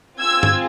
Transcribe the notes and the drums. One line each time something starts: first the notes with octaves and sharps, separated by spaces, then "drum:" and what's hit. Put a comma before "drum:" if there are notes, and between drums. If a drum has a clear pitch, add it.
C4 F4 G#4 E6 G#6
drum: tom G2